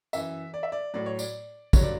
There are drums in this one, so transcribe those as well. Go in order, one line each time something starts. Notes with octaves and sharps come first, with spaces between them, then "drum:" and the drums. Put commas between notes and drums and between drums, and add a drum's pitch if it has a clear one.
F#2 E3 E5, drum: tambourine
D5
E5
D5
A2 F#3 D5
C#5
D5, drum: tambourine
G2 D3 F#3 C#5, drum: kick, tambourine
D5